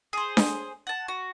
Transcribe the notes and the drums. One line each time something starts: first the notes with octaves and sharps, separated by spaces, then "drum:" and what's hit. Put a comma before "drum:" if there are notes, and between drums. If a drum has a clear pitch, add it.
G#4 C5
drum: snare D4
F#5 A5
F#4